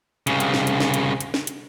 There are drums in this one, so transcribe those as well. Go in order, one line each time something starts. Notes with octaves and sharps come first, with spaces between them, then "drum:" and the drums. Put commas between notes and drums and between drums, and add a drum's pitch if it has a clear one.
C2 C#3, drum: hi-hat
drum: hi-hat
drum: snare
drum: hi-hat
drum: snare
drum: hi-hat
drum: hi-hat
drum: snare
drum: hi-hat